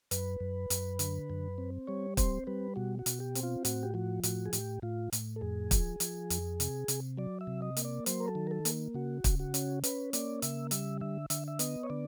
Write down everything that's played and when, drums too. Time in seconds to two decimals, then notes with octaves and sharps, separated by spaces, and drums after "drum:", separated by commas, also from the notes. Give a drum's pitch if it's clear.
0.11 F#2 B4, drum: hi-hat
0.40 F#2
0.70 F#2, drum: hi-hat
0.99 D3, drum: hi-hat
1.30 F#2
1.58 C4
1.87 G3 C#5
2.17 C4 C5, drum: kick, hi-hat
2.47 G3 B4
2.76 B2 F#4
2.99 F#4
3.06 B2, drum: hi-hat
3.20 G4
3.35 C4, drum: hi-hat
3.43 F4
3.65 A2 F#4, drum: hi-hat
3.83 G4
3.94 F3 F#4
4.23 A2 F#4, drum: hi-hat
4.46 G#4
4.53 A2 G4, drum: hi-hat
4.82 A2 F4
5.13 A2, drum: hi-hat
5.36 A4
5.41 F2 G#4
5.71 F3, drum: kick, hi-hat
6.00 F3, drum: hi-hat
6.30 F2, drum: hi-hat
6.60 C3, drum: hi-hat
6.88 C3, drum: hi-hat
7.18 F#3 D5
7.41 E5
7.47 C3
7.62 D#5
7.77 A#3, drum: hi-hat
7.85 D5
8.06 F#3 C5, drum: hi-hat
8.20 A#4
8.28 A4
8.35 D#3
8.47 A#4
8.51 A4
8.65 A#3, drum: hi-hat
8.94 C#3 F#4
9.24 C#3, drum: kick, hi-hat
9.40 F#4
9.54 C#4, drum: hi-hat
9.84 C#4 B4, drum: hi-hat
10.13 A#3 D5, drum: hi-hat
10.42 C#3 E5, drum: hi-hat
10.71 G3 E5, drum: hi-hat
11.01 D3 E5
11.30 D3 E5, drum: hi-hat
11.48 E5
11.59 B3 D#5, drum: hi-hat
11.83 C#5
11.90 D3 D5